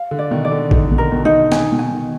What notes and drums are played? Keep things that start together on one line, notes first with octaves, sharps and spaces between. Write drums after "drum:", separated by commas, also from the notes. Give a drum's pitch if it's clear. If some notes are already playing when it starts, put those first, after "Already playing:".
Already playing: F5
D3
D5
B2 D#3
D5
D3
D3 D#4, drum: kick
B2
A#4
B2 D#3
D#4
B2 D#3
B2 D#3 G#5, drum: snare
B2 D#3
G#5
B2 D#3